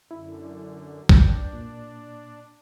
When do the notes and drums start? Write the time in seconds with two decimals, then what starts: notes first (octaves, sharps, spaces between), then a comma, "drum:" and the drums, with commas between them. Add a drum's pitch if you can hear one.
0.11 F#2 D3 E4
1.09 D4 B4 G5 G6, drum: kick
1.53 A#2